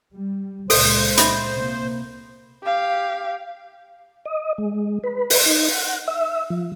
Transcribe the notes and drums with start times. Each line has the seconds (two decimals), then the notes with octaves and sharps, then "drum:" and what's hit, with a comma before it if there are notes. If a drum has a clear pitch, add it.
0.13 G3
0.70 C#2 A#2 G#3 A4 C5, drum: open hi-hat
1.17 D#5 E5 B5, drum: hi-hat
1.54 C3 A#3
2.63 G4 F5
4.26 D#5
4.58 G#3
5.04 B4
5.30 drum: open hi-hat
5.46 D#4
5.72 F#5
6.08 E5
6.50 F3